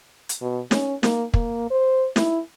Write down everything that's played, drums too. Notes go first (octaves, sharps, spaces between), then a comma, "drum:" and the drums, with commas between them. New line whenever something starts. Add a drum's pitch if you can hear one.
drum: hi-hat
B2
C#4, drum: snare
A#3, drum: snare
A#3, drum: kick
C5
E4, drum: snare